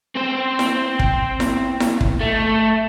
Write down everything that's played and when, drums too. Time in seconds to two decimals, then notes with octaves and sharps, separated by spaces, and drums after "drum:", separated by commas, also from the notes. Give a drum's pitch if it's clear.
0.16 C4 C5
0.59 drum: snare E4
0.99 drum: kick
1.40 drum: snare E4
1.80 drum: snare E4
2.01 drum: kick
2.21 A3